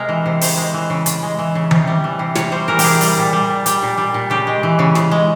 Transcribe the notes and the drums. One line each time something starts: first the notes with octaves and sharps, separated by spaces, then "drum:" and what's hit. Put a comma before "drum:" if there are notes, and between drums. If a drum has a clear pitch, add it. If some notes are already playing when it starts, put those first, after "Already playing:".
Already playing: C3 G#3 A#4
E3
C3
C#3 C5, drum: open hi-hat
G#3
E3
C#3
C#3, drum: hi-hat
G#3
E3
C#3
C3, drum: tom D#3
G3
E3
C3
C3 C#5, drum: snare
G3 C5
E3 A#4
G4, drum: open hi-hat
C3 G#4
G3, drum: open hi-hat
A#2
G3
A#2
G3, drum: hi-hat
A#2
G3
A#2
C#3 G4
G#3
E3
C#3
C#3, drum: snare
G#3